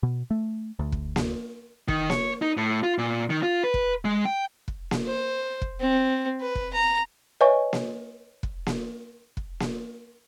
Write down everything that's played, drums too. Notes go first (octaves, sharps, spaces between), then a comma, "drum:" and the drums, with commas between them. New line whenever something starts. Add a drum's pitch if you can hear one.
B2
A3
D2
drum: kick
drum: snare A#3
D#3, drum: kick
C#5, drum: snare A#3
D#4
A2
F4
A#2
D#3
F4
B4
drum: kick
G#3
G5
drum: kick
drum: snare A#3
C5
drum: kick
C4
B4
drum: kick
A#5
B4 C#5 D#5 E5 G#5 C#6
drum: snare A#3
drum: kick
drum: snare A#3
drum: kick
drum: snare A#3